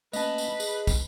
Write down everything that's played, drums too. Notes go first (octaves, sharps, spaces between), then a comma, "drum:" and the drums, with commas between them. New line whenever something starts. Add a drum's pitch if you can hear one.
A3 A#3 C#4 B4 D#5 A5 B5, drum: tambourine
drum: tambourine
G#4, drum: tambourine
drum: kick, tambourine